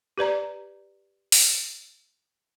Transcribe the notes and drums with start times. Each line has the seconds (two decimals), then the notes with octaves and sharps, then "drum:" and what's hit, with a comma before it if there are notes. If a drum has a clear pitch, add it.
0.18 G4 B4 D5 A#5
1.32 drum: open hi-hat